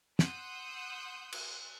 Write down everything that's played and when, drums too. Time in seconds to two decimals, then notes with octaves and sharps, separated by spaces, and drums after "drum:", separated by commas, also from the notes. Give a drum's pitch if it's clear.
0.19 F#5 C6 D#6 E6 F#6 G6, drum: snare
1.32 drum: cymbal